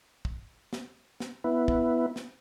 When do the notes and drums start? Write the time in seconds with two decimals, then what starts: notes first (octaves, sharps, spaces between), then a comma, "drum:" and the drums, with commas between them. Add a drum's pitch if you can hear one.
0.25 drum: kick
0.73 drum: snare
1.20 drum: snare
1.44 B3 E4
1.68 drum: kick
2.16 drum: snare